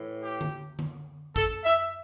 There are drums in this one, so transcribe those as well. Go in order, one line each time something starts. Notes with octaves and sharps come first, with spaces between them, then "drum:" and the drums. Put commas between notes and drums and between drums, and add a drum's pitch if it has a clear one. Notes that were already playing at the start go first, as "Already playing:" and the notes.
Already playing: A2 E3
G4
drum: tom D3
drum: tom D3
A4, drum: kick
E5